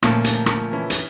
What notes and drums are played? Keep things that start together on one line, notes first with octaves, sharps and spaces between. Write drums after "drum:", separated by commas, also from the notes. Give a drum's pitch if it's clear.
A#2 D3 F3 A3 A#3 C#4, drum: rim click
drum: hi-hat
drum: rim click
E3 C#4 E4
drum: hi-hat